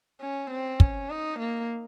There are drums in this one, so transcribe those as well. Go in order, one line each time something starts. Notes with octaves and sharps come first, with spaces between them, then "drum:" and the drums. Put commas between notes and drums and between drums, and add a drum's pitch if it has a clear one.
C#4
C4
C#4, drum: kick
D#4
A#3